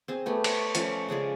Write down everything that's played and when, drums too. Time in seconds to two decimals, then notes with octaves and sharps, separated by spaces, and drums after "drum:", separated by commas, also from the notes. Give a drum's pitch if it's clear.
0.08 C4 G#4
0.26 A3 B3 G4
0.44 C#5, drum: cymbal
0.75 F3 A3 C#4 D5, drum: hi-hat
1.09 C#3 G#3 G#4 D5